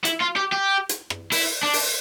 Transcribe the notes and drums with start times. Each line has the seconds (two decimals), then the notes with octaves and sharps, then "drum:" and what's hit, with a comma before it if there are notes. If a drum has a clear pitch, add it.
0.05 E4, drum: hi-hat
0.21 F4
0.37 G4
0.52 G4
0.89 drum: hi-hat
1.10 drum: rim click
1.32 E4, drum: open hi-hat
1.63 D4
1.73 drum: open hi-hat